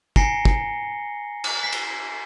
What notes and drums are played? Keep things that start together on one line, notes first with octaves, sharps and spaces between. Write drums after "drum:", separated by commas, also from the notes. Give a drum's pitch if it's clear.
G#5 A#5 A#6 C7 C#7 G7, drum: kick
drum: kick
drum: cymbal
B6 C7
drum: cymbal